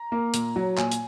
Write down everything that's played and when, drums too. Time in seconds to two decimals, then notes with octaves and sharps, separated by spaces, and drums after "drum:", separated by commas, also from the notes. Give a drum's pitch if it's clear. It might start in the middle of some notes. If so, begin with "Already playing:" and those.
Already playing: A#5
0.12 A#3
0.34 A#2, drum: hi-hat
0.56 F#3
0.78 A#2 G#5, drum: clap
0.92 drum: hi-hat